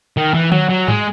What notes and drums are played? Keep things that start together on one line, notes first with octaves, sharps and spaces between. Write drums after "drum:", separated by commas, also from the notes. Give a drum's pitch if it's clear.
D#3
E3
F#3, drum: tom D3
F#3
G#3, drum: tom G#2